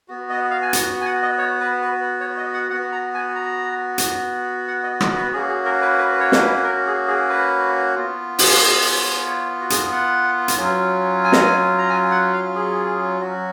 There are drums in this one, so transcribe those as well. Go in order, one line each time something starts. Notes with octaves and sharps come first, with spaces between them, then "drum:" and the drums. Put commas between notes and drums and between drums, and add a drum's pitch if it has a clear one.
B3 F#4
D#5
F5
G#5
F#5, drum: hi-hat
G#5
F#5
D#5
C#5
B4
B4
C#5
D#5
F#5
B3 F#4 F#5
A#5
G#5
A#5
drum: hi-hat
F#5
D#5
D#5, drum: rim click
B4
A#3 C#4 F#4 G#4
G#4
A#4
B4
B4
B4
C#5
drum: snare
B4
A#4
G#4
G#4
B4
B3 F4
F#5, drum: open hi-hat
F5
D#5
C#5
C#5
F#4
G#4, drum: hi-hat
F#5
drum: hi-hat
F#3 C#4 F4
G#5
A#5, drum: snare
G#5
A#5
G#5
F#5
F5
G#4
F#3 C#4 F#4